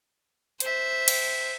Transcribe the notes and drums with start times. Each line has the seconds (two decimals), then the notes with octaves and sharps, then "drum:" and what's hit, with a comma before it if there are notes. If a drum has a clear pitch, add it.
0.60 C5 E5, drum: hi-hat
1.08 drum: cymbal